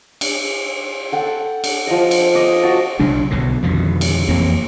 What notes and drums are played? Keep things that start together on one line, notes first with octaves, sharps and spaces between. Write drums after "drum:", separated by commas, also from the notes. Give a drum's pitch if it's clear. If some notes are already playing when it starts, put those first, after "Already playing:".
drum: cymbal
A4 F#5 G5
drum: cymbal
F3 D#5
drum: cymbal
D#5 D6 D#6
F#4 A5
B1 C#3 F#3 D4
B1 B2 D3 F#3
F2 B2 D3 D#3
drum: cymbal
F2 E3 A#3 C4